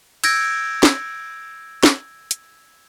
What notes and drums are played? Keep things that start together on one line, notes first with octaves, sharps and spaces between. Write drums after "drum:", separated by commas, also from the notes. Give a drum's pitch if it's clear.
E6 G6 G#6 A#6 D7, drum: cymbal
drum: snare
drum: snare
drum: hi-hat